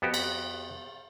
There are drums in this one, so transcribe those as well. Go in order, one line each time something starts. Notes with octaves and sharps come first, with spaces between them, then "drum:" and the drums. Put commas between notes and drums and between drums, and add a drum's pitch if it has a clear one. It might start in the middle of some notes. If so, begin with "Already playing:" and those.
F2 B3 F#4 G4
drum: cymbal